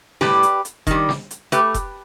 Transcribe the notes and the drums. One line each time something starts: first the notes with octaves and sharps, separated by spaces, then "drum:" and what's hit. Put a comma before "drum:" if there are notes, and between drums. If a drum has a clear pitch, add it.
A2 G3 G4 B4, drum: snare
drum: hi-hat
drum: hi-hat
D#3 G3, drum: kick F1, hi-hat
drum: snare
drum: hi-hat
A3 G4 B4, drum: hi-hat
drum: kick F1, hi-hat